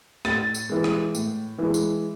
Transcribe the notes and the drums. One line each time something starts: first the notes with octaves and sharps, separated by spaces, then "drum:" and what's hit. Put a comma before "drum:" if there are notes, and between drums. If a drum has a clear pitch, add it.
A2 A6, drum: rim click
drum: tambourine
E3 G#3
drum: rim click
A2, drum: tambourine
E3 G#3
drum: tambourine